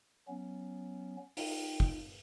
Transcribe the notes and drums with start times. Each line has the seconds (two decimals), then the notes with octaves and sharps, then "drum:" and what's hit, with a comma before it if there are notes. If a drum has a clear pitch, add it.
0.28 F#3 B3 C#4
1.37 D#4 F4 G5, drum: open hi-hat
1.80 drum: kick